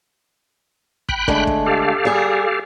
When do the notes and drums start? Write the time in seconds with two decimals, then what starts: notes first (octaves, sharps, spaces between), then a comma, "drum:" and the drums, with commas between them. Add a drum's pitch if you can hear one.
1.09 G5 B5 F#6, drum: kick
1.28 D3 G#3 A3, drum: kick
1.47 drum: kick
1.66 G4 A4 F5
2.05 G3 G#4